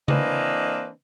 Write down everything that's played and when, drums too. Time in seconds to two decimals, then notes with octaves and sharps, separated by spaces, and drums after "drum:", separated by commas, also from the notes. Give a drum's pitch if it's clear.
0.08 E3 A#3 C4 D4 B4 D#5, drum: tom C#3